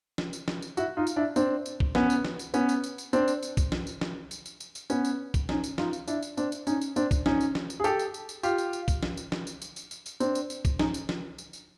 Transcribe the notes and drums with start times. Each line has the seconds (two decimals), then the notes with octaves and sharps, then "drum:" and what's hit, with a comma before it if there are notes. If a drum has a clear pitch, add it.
0.18 drum: snare
0.33 drum: tambourine
0.48 drum: snare
0.62 drum: tambourine
0.77 E4 F#4, drum: tambourine
0.97 D#4 F4
1.07 drum: tambourine
1.16 D4 E4
1.36 C4 D4, drum: tambourine
1.66 drum: tambourine
1.80 drum: kick B1
1.95 B3 C#4, drum: snare
2.10 drum: tambourine
2.25 drum: snare
2.39 drum: tambourine
2.54 B3 C#4, drum: tambourine
2.69 drum: tambourine
2.84 drum: tambourine
2.98 drum: tambourine
3.13 C4 D4, drum: tambourine
3.28 drum: tambourine
3.42 drum: tambourine
3.57 drum: kick B1, tambourine
3.72 drum: snare
3.87 drum: tambourine
4.01 drum: snare
4.31 drum: tambourine
4.46 drum: tambourine
4.60 drum: tambourine
4.75 drum: tambourine
4.90 B3 C#4, drum: tambourine
5.05 drum: tambourine
5.34 drum: kick B1, tambourine
5.49 C#4 D#4, drum: snare
5.64 drum: tambourine
5.78 D#4 F4, drum: snare
5.93 drum: tambourine
6.08 D4 E4, drum: tambourine
6.23 drum: tambourine
6.37 C4 D4, drum: tambourine
6.52 drum: tambourine
6.67 C#4 D#4, drum: tambourine
6.81 drum: tambourine
6.96 C4 D4, drum: tambourine
7.11 drum: kick B1, tambourine
7.26 C#4 D#4, drum: snare
7.40 drum: tambourine
7.55 drum: snare
7.70 drum: tambourine
7.80 G#4
7.84 G4 A4, drum: tambourine
7.99 drum: tambourine
8.14 drum: tambourine
8.29 drum: tambourine
8.43 F4 G4, drum: tambourine
8.58 drum: tambourine
8.73 drum: tambourine
8.88 drum: kick B1, tambourine
9.03 drum: snare
9.17 drum: tambourine
9.32 drum: snare
9.47 drum: tambourine
9.62 drum: tambourine
9.76 drum: tambourine
9.91 drum: tambourine
10.06 drum: tambourine
10.20 C4 D4, drum: tambourine
10.35 drum: tambourine
10.50 drum: tambourine
10.65 drum: kick B1, tambourine
10.79 C#4 D#4, drum: snare
10.94 drum: tambourine
11.09 drum: snare
11.38 drum: tambourine
11.53 drum: tambourine